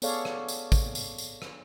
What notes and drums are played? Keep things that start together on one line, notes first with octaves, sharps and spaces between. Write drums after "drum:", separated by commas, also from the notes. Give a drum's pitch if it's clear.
B3 G#4 A4 C#5 D5 F5, drum: tambourine
drum: rim click
drum: tambourine
drum: kick, tambourine
drum: tambourine
drum: tambourine
drum: rim click